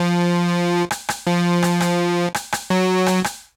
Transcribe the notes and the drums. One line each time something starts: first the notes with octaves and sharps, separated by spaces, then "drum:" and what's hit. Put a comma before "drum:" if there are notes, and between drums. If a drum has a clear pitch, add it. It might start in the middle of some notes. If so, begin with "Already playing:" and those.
Already playing: F3
drum: rim click
drum: rim click
F3
drum: rim click
drum: rim click
drum: rim click
drum: rim click
F#3
drum: rim click
drum: rim click